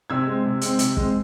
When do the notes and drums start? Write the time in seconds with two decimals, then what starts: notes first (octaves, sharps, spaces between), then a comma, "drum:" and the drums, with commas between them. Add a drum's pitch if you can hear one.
0.10 C3 E6 G#6
0.27 G#3 C4
0.45 C3
0.61 G#3 C4, drum: hi-hat
0.79 C3, drum: hi-hat
0.97 G#3 C4, drum: kick